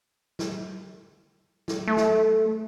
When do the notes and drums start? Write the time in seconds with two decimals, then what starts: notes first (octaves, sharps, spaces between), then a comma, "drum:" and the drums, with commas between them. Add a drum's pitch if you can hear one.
0.39 drum: snare
1.68 drum: snare
1.87 A3
1.97 drum: snare